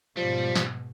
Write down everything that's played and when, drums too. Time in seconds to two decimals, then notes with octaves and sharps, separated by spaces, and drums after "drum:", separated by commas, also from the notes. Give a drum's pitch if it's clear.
0.17 G#2 B2 F3 G3
0.55 drum: snare